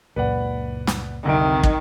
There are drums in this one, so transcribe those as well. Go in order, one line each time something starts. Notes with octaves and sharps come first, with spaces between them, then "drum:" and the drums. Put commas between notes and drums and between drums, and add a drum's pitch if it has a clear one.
C#2 F#2 A#2 B4 D5 F#5
drum: snare
C2 F2 D3 D#3 D7
drum: kick